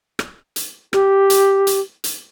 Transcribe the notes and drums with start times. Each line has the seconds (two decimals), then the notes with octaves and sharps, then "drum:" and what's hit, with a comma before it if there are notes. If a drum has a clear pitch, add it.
0.19 drum: rim click
0.56 drum: hi-hat
0.93 G4, drum: rim click
1.30 drum: hi-hat
1.67 drum: hi-hat
2.04 drum: hi-hat